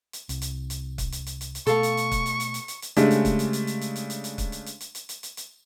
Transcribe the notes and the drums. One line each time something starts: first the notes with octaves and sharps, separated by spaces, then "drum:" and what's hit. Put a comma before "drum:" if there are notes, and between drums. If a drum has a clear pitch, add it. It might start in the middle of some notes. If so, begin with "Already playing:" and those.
drum: hi-hat
C2, drum: hi-hat
drum: hi-hat
drum: hi-hat
drum: kick, hi-hat
drum: hi-hat
drum: hi-hat
drum: hi-hat
drum: hi-hat
B2 A3 A4 F5 C#6, drum: hi-hat
drum: hi-hat
drum: hi-hat
drum: kick, hi-hat
drum: hi-hat
drum: hi-hat
drum: hi-hat
drum: hi-hat
drum: hi-hat
C#3 G#3 A3 D4 G4, drum: hi-hat
drum: hi-hat
drum: kick, hi-hat
drum: hi-hat
drum: hi-hat
drum: hi-hat
drum: hi-hat
drum: hi-hat
drum: hi-hat
drum: hi-hat
drum: kick, hi-hat
drum: hi-hat
drum: hi-hat
drum: hi-hat
drum: hi-hat
drum: hi-hat
drum: hi-hat
drum: hi-hat